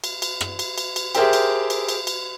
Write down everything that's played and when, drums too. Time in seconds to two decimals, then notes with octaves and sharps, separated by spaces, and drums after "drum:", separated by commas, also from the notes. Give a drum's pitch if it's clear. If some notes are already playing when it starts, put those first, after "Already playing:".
0.04 drum: cymbal
0.22 drum: cymbal
0.41 drum: rim click
0.59 drum: cymbal
0.78 drum: cymbal
0.96 drum: cymbal
1.15 G4 G#4 A#4 C5 E5 G5, drum: cymbal
1.33 drum: cymbal
1.70 drum: cymbal
1.89 drum: cymbal
2.07 drum: cymbal